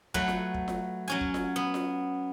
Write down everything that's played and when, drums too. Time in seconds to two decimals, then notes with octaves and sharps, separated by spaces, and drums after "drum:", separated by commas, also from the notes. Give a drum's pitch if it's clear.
0.14 F#3 A3 B4 F#5, drum: kick
0.28 drum: snare F4
0.54 drum: kick
0.68 drum: snare F4
1.08 F#3 C#4 G#5
1.21 drum: kick
1.34 drum: snare F4
1.56 B3
1.74 drum: snare F4